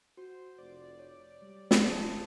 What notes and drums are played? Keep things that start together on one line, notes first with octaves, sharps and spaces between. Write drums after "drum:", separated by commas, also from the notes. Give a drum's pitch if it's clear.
F#4 C5
F1 D5
C#5
G3
drum: snare
D2 F4 F5 A5 D#6